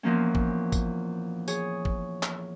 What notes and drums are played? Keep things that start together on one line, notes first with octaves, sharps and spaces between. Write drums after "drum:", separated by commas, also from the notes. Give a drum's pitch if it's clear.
E2 A#2 F3 A#3 C#4
drum: kick
drum: kick, tambourine
G#4 C#5, drum: tambourine
drum: kick
drum: clap